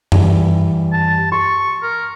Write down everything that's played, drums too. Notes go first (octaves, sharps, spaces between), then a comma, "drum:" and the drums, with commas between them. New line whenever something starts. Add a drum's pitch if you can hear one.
E3 G3, drum: tom F#2
A5
C6 C#6
A#4